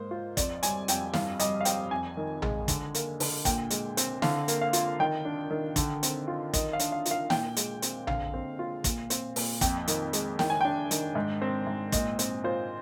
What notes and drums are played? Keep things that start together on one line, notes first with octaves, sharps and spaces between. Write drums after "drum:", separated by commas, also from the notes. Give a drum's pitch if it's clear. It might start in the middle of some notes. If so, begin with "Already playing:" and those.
Already playing: G#2 A#3 C5
F4
F2 D5, drum: kick, hi-hat
G3 G#5, drum: hi-hat
F2 G5, drum: hi-hat
G2 F5, drum: snare
G3 D#5, drum: hi-hat
F5
C4 G5, drum: hi-hat
F2 G#5
D#3
G#3, drum: tom A#1
D3, drum: kick, hi-hat
A#3, drum: hi-hat
D3, drum: open hi-hat
A#2 G5, drum: kick, hi-hat
G#3, drum: hi-hat
C4, drum: hi-hat
D3 F5, drum: snare
A#3, drum: hi-hat
F5
F4, drum: hi-hat
D#3 G5
D4
D#3
D3, drum: kick, hi-hat
C4, drum: hi-hat
F4
D#3 D#5, drum: kick, hi-hat
F5
D4, drum: hi-hat
F5
F4, drum: hi-hat
F5
A#2 G5, drum: snare
G#3, drum: hi-hat
C4, drum: hi-hat
D3 F5, drum: tom A#1
C4
F4
A#2, drum: kick, hi-hat
C4, drum: hi-hat
A#2, drum: open hi-hat
F2 G5, drum: kick, hi-hat
D#3, drum: hi-hat
G#3, drum: hi-hat
D#3 G5, drum: snare
G#5
D4 G5
D#3, drum: hi-hat
G#2
C4
G#2
A#2 D#5, drum: kick, hi-hat
C4, drum: hi-hat
F4 C5